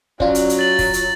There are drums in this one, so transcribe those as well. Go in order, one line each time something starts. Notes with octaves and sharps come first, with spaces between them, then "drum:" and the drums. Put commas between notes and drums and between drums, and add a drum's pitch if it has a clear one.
F#3 C#4 F4 D5, drum: kick
drum: hi-hat
drum: hi-hat
A6 F#7
drum: kick, open hi-hat
drum: hi-hat